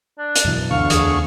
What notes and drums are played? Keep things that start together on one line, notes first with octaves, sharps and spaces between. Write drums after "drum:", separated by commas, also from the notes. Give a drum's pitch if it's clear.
D4
drum: hi-hat
F#2 B2 E3
D2 F5 C#6
E2 G#4, drum: hi-hat